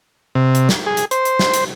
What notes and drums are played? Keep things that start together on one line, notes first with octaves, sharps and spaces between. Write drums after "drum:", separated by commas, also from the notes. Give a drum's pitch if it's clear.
C3
drum: hi-hat
drum: snare
G#4
drum: hi-hat
C5, drum: hi-hat
drum: hi-hat
drum: snare
drum: hi-hat